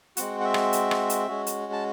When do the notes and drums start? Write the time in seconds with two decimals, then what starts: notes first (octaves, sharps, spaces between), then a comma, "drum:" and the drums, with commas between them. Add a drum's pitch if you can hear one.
0.17 G#3 C4 F#4 F#5, drum: hi-hat
0.40 F#5
0.45 E5
0.54 drum: rim click
0.73 drum: hi-hat
0.91 drum: rim click
1.10 drum: hi-hat
1.28 G#3 C#4 F#4
1.47 drum: hi-hat
1.73 A5